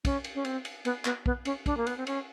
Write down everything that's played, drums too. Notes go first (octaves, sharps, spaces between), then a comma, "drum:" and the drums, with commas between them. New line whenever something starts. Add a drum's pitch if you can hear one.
C#4, drum: kick, cymbal
drum: cymbal
C#4
C4, drum: cymbal
drum: cymbal
B3, drum: cymbal
B3, drum: clap
B3, drum: kick
C#4, drum: cymbal
D4, drum: kick, cymbal
A#3
B3, drum: cymbal
C4
C#4, drum: cymbal